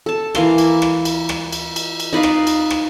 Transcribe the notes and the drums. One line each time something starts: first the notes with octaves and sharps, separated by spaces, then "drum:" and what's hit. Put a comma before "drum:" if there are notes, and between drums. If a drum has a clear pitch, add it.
A4 A5
E3 A#3 C6, drum: rim click
drum: cymbal
drum: rim click
drum: cymbal
drum: rim click
drum: cymbal
drum: cymbal
drum: cymbal
D#4 B4 D5 F5
drum: rim click
drum: cymbal
drum: rim click